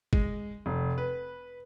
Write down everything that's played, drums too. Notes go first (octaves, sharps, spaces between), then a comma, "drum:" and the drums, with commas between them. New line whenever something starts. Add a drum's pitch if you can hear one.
G#3, drum: kick G1
F1
B4